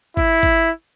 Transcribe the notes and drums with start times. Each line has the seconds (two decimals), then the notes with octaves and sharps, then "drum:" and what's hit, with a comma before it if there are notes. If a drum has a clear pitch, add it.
0.17 E4, drum: kick G#1
0.43 drum: kick G#1